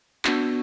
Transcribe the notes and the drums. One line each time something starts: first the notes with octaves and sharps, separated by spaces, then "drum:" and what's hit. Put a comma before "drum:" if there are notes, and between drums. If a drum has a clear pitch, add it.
B3 D4 F#4, drum: clap